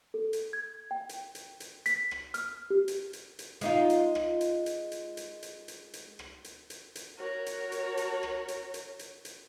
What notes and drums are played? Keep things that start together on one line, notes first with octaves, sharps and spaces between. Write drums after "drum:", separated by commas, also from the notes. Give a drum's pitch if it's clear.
A4
drum: hi-hat
G#6
G5
drum: hi-hat
drum: hi-hat
drum: hi-hat
B6, drum: hi-hat
drum: rim click
F6, drum: hi-hat
G4
drum: hi-hat
drum: hi-hat
drum: hi-hat
G#3 D#4 F4, drum: hi-hat
drum: hi-hat
drum: rim click
drum: hi-hat
drum: hi-hat
drum: hi-hat
drum: hi-hat
drum: hi-hat
drum: hi-hat
drum: hi-hat
drum: rim click
drum: hi-hat
drum: hi-hat
drum: hi-hat
F#4 A#4 C#5
drum: hi-hat
drum: hi-hat
drum: hi-hat
drum: rim click
drum: hi-hat
drum: hi-hat
drum: hi-hat
drum: hi-hat